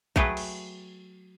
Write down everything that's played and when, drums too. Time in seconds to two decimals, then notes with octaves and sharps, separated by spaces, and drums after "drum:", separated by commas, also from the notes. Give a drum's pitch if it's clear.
0.16 F#3 A3 G4 G#4 B4, drum: kick A#1
0.37 drum: cymbal